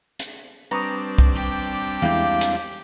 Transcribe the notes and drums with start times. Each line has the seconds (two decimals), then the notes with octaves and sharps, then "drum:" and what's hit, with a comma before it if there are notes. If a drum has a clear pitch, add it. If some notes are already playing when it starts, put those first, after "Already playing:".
0.19 drum: hi-hat
0.71 G3 C4 D4 B4 A#5 C#6 D#6
1.18 drum: kick C2
1.34 G4
2.02 E2 G#3 A#3 E4 G6
2.41 drum: hi-hat